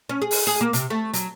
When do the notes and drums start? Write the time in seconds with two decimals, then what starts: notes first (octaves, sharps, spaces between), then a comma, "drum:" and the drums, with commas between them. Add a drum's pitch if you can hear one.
0.09 C#4
0.22 G#4
0.31 drum: open hi-hat
0.47 G#4
0.61 A#3
0.73 C3, drum: hi-hat
0.90 A3
1.14 F#3, drum: hi-hat